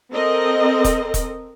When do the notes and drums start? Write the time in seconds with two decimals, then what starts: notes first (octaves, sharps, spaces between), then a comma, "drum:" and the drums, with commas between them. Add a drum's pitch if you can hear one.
0.11 C4 A4 A#4 D#5
0.84 drum: kick E1, hi-hat
1.14 drum: kick E1, hi-hat